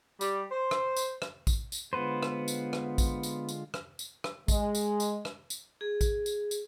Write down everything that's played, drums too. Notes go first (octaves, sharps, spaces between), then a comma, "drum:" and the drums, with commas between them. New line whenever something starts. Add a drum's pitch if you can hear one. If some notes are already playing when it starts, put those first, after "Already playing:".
G3, drum: tambourine
C5
drum: rim click
drum: tambourine
drum: rim click
drum: kick A1, tambourine
drum: tambourine
D3 G#3 B3 F4 B4 C5
drum: rim click
drum: tambourine
drum: rim click
drum: kick A1, tambourine
drum: tambourine
drum: tambourine
drum: rim click
drum: tambourine
drum: rim click
G#3, drum: kick A1, tambourine
drum: tambourine
drum: tambourine
drum: rim click
drum: tambourine
G#4
drum: kick A1, tambourine
drum: tambourine
drum: tambourine